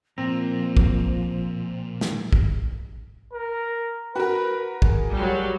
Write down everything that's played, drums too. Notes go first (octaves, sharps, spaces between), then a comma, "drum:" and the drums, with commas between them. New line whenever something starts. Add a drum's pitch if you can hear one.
A#2 F3 A#3 C4 A#5
drum: kick
drum: snare
drum: kick
A#4
F#4 A#4 B4
G#4, drum: kick
F#3 G3